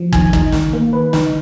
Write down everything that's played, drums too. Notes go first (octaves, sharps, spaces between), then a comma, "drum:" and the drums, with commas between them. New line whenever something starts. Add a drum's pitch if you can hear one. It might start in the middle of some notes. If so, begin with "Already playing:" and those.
Already playing: F3
D#3 G#5, drum: kick
D#4, drum: kick
D#3, drum: snare
A#3
D#3 B4
D#4, drum: snare